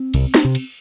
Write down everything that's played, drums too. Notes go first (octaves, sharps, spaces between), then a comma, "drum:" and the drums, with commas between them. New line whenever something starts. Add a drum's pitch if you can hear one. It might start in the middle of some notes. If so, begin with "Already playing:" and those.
Already playing: C4
C2, drum: cymbal
drum: snare
C3
drum: cymbal